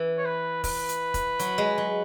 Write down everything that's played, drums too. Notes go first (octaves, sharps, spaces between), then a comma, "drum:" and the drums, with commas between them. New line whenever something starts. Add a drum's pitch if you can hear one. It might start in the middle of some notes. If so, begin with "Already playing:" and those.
Already playing: E3
C#5
B4
B4, drum: kick E1, open hi-hat
drum: hi-hat
drum: kick E1, hi-hat
F#3, drum: hi-hat
G#3
F#3